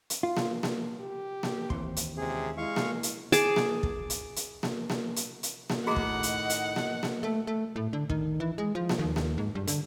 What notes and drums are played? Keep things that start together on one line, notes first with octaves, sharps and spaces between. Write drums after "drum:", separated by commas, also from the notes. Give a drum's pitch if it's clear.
drum: hi-hat
F4
drum: snare A#3
drum: snare A#3
G4
drum: snare A#3
D#2 E3 C4 C6, drum: kick
drum: hi-hat
C#2 C3 G#4
G#3 E4 F5 C#6
drum: snare A#3
drum: hi-hat
G#4 A5 D6, drum: hi-hat
drum: snare A#3
drum: kick
drum: hi-hat
drum: hi-hat
drum: snare A#3
drum: snare A#3
drum: hi-hat
drum: hi-hat
drum: snare A#3
A2 D#3 F#4 G#4 D#5 F#5 A#5
drum: kick
drum: hi-hat
drum: hi-hat
drum: snare A#3
drum: snare A#3
A3
A3
A2
D3
D#3, drum: kick
E3
G#3
F3
drum: snare A#3
D#2
drum: snare A#3
G#2
G2
D3, drum: hi-hat